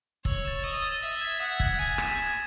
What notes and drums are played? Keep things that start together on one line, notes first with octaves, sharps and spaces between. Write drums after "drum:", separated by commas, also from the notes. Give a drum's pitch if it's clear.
C#5 E6, drum: kick
A6 E7
D#5 E6
A6 E7
E5 D#6
G#6 B6
F#5 D#6
G#6 B6, drum: kick
G#5 G#6
B6 E7, drum: rim click
G#6